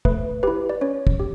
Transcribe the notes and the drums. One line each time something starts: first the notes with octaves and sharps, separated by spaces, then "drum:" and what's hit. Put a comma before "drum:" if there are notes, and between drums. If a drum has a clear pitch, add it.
A3 B4, drum: kick
E4 G4 B4
D5
C#4 C#5
drum: kick
G4